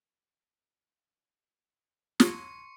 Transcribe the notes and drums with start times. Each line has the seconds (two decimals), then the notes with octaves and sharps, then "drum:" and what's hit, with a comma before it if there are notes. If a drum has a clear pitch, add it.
2.20 C6 C#6 C#7, drum: snare